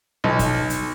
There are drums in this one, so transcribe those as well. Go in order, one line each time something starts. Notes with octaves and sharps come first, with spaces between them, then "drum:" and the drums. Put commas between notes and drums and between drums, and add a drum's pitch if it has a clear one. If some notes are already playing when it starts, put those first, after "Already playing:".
B1
drum: kick, hi-hat
drum: snare B3
drum: hi-hat